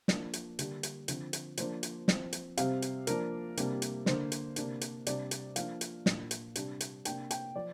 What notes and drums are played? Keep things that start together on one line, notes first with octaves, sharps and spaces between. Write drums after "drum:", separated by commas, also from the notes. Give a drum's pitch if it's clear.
F3 A#3 D4, drum: snare
drum: hi-hat
D3 G3 A#3 D4, drum: hi-hat
drum: hi-hat
D3 F3 C4, drum: hi-hat
drum: hi-hat
F3 A#3 D4 C5, drum: hi-hat
drum: hi-hat
F3 C4, drum: snare
drum: hi-hat
C3 G3 C4 F5, drum: hi-hat
drum: hi-hat
F3 A#3 D4 A#4, drum: hi-hat
C3 G3 A#3 D4, drum: hi-hat
drum: hi-hat
D3 A#3 D4 C5, drum: snare
drum: hi-hat
C3 A#3 D4, drum: hi-hat
drum: hi-hat
C3 G3 D4 D5, drum: hi-hat
drum: hi-hat
F3 A#3 D4 F5, drum: hi-hat
drum: hi-hat
A#2 A#3 D4, drum: snare
drum: hi-hat
C3 G3 D4, drum: hi-hat
drum: hi-hat
C3 A#3 D4 G5, drum: hi-hat
G5, drum: hi-hat
F3 D5